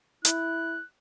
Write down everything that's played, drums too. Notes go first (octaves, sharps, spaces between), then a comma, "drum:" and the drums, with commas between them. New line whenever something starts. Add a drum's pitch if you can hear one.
E4 F#6, drum: hi-hat